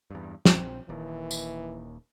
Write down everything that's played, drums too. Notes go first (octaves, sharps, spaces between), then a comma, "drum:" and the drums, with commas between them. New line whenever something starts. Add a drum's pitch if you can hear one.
E2 G2
A#1 C4, drum: snare
D#1 D#2 E3
drum: tambourine